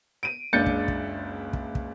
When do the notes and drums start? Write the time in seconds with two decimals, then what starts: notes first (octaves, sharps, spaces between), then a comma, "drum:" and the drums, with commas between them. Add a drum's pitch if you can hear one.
0.23 D7 D#7
0.53 F#1 C#2 D4 G6 A6 C#7
0.66 drum: kick
0.88 drum: kick
1.53 drum: kick
1.75 drum: kick